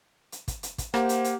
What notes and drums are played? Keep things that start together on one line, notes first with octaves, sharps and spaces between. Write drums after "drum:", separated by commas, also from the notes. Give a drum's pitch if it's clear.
drum: hi-hat
drum: kick, hi-hat
drum: hi-hat
drum: kick, hi-hat
A#3 G4 C5 F#5, drum: rim click
drum: hi-hat
drum: hi-hat